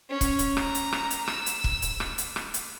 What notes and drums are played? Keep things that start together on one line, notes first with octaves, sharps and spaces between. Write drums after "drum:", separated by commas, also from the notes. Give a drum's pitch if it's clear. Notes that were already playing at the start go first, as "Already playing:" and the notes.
C#4
drum: kick, hi-hat
drum: hi-hat
A#5, drum: rim click
drum: hi-hat
drum: rim click
drum: hi-hat
E6, drum: rim click
drum: hi-hat
drum: kick
drum: hi-hat
drum: rim click
drum: hi-hat
drum: rim click
drum: hi-hat